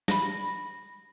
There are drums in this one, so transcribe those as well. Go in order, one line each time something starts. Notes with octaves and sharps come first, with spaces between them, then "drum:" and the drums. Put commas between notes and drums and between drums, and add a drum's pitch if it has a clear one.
B5 A#6, drum: snare